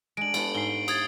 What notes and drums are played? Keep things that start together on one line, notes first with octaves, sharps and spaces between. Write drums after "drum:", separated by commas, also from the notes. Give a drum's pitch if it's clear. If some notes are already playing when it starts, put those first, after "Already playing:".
G#3 D4 D7 F#7
B3 E4 A4, drum: cymbal
G#2 C7 G7
D#6 G#6 A6, drum: cymbal